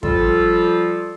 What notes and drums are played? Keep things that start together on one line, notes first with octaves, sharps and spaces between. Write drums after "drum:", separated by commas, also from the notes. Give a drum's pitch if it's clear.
F3 G3 F4 A4, drum: kick